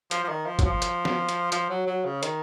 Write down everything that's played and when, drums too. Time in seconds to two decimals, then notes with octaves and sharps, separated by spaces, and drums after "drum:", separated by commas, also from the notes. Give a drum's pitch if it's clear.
0.11 F3, drum: hi-hat
0.24 F3
0.29 D#3
0.46 F3
0.59 F#3, drum: kick, hi-hat
0.65 F3
0.82 drum: hi-hat
1.05 drum: snare
1.29 drum: hi-hat
1.52 F3, drum: hi-hat
1.70 F#3
1.87 F#3
2.05 C#3
2.23 D#3, drum: hi-hat